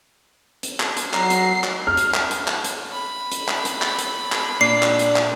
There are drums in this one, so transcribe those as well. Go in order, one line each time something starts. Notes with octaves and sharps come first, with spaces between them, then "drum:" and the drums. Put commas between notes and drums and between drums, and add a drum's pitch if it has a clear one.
drum: hi-hat
drum: clap
drum: hi-hat
F#3 A#5 C7, drum: clap
drum: hi-hat
drum: clap
F6
drum: hi-hat
drum: clap
drum: hi-hat
drum: clap
drum: hi-hat
B5
drum: hi-hat
drum: clap
drum: hi-hat
drum: clap
drum: hi-hat
drum: clap
A#2 D4 C7
drum: clap
drum: hi-hat
drum: clap